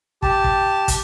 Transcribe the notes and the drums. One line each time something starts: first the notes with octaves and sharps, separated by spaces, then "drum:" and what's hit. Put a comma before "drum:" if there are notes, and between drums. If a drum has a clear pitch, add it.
G4 A5, drum: kick
drum: kick
drum: kick, hi-hat